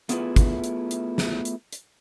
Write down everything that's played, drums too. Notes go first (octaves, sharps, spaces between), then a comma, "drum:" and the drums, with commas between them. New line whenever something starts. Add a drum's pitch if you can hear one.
A3 B3 E4 F4 G#4 B4, drum: hi-hat
drum: kick, hi-hat
drum: hi-hat
drum: hi-hat
drum: snare
drum: hi-hat
drum: hi-hat